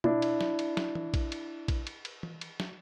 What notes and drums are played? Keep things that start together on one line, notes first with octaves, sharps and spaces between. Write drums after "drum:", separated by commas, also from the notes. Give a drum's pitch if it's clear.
D4 E4, drum: tom B2
drum: cymbal
drum: snare
drum: cymbal
drum: snare
drum: tom E3
drum: kick A#1, cymbal
drum: cymbal
drum: kick A#1, cymbal
drum: cymbal
drum: cymbal
drum: tom E3
drum: cymbal
drum: snare